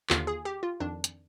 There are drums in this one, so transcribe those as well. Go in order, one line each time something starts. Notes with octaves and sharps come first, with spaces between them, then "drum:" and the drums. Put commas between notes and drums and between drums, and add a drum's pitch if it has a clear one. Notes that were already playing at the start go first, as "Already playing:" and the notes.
D#2 D3 F4, drum: clap
G#4
G4
F4
F2 D#3 D4
drum: hi-hat